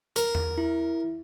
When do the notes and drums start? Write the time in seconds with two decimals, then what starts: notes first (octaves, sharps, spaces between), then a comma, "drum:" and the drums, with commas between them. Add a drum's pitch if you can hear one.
0.16 A#4, drum: hi-hat
0.35 drum: tom E2
0.58 E4